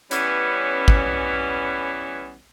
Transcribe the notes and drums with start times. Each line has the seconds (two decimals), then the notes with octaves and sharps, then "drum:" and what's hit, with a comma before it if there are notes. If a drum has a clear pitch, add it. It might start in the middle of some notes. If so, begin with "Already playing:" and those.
0.11 E3 G3 B3 C#4, drum: hi-hat
0.88 drum: kick